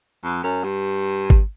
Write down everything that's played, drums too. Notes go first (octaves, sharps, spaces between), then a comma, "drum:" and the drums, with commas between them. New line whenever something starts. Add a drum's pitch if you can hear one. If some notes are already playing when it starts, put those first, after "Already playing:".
F2
F#2
G2
drum: kick G#1